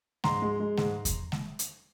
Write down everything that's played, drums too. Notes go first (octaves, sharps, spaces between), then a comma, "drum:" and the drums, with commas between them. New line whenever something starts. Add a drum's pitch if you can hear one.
G#2 A#5 C6, drum: snare G#3
G#3
G#3
G#2, drum: snare G#3
drum: kick E2, hi-hat
drum: snare G#3
drum: hi-hat